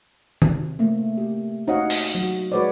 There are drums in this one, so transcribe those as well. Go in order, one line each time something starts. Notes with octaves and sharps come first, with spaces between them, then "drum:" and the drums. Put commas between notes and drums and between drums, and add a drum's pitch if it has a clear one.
C3, drum: tom D#3
A3 A#3
G4
D#4 F#4 C#5 D#5 F5 F#5
drum: open hi-hat
F#3 F#4
G#3 F#4 B4 C#5 D5